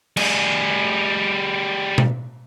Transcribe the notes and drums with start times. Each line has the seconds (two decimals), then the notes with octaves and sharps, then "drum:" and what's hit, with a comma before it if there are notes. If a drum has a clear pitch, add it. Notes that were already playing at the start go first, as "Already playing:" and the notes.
0.17 G3 G#4, drum: cymbal
1.98 drum: tom B2